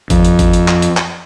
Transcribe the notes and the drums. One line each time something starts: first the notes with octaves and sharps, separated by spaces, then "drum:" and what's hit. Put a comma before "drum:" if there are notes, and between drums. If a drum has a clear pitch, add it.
F2, drum: kick, hi-hat
drum: hi-hat
drum: kick, hi-hat
drum: hi-hat
drum: clap
drum: hi-hat
drum: clap